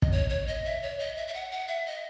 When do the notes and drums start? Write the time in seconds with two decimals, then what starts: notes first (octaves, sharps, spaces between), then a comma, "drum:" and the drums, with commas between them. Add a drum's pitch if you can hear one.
0.02 D#5, drum: kick
0.12 C#5
0.30 C#5
0.48 D#5
0.65 E5
0.82 C#5
0.99 D#5
1.17 E5
1.27 E5
1.34 F#5
1.51 F#5
1.68 E5
1.86 D#5